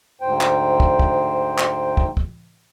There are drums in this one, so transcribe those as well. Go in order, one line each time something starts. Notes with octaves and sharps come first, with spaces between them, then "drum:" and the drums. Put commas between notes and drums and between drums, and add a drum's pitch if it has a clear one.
D2 G#2 C5 G5
drum: clap
drum: kick
drum: kick
drum: clap
drum: kick
drum: kick